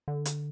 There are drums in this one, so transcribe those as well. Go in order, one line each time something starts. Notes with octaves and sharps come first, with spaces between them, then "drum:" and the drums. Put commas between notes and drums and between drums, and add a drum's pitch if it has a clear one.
D3
drum: hi-hat